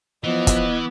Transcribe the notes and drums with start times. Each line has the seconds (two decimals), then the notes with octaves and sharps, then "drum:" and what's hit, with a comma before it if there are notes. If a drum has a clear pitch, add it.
0.24 E3 F3 B3 D#5
0.47 drum: kick, hi-hat